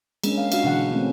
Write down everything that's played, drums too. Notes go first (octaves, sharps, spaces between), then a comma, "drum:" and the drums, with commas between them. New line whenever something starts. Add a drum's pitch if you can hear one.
G#3 A#3 C#4 D4, drum: cymbal
F5
D4 F#4 F5, drum: cymbal
B2 D3 E3 F#5
A3 A#3 C4 C#4